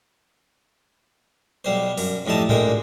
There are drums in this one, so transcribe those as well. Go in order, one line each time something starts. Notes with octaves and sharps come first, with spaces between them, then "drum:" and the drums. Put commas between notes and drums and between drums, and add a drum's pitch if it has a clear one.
B1 G3 C5
F#2, drum: open hi-hat
F2 A2 G3 D#4 A5
D2 A#2 G#3 G5, drum: tom G#2